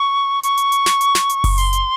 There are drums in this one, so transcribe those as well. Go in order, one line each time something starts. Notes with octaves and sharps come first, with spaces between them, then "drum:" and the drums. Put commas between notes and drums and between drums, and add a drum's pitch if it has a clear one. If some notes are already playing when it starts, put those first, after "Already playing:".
Already playing: C#6
C#6, drum: hi-hat
drum: hi-hat
drum: hi-hat
drum: snare
drum: hi-hat
drum: snare
drum: hi-hat
drum: kick F#1, open hi-hat
C6, drum: hi-hat
drum: hi-hat